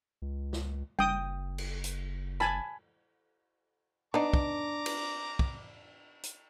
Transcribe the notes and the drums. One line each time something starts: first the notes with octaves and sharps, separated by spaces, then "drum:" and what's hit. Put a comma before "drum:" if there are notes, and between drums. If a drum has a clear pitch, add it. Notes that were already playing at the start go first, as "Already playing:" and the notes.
C#2
drum: snare
F#1 G5 D#6, drum: tom G3
drum: cymbal
drum: hi-hat
G#5 A5 B5, drum: rim click
B3 D4 D#4 A#5 D6
drum: kick
drum: cymbal
drum: kick
drum: hi-hat